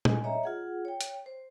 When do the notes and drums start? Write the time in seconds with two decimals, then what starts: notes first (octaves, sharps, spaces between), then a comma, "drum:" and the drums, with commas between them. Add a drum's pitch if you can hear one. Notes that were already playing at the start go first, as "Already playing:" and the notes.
0.05 D#5 G#5, drum: tom A#2
0.24 C#5 D#5 E5 A#5
0.44 F4 G#4 F#5
0.85 C#5 G5
1.01 drum: hi-hat
1.26 C5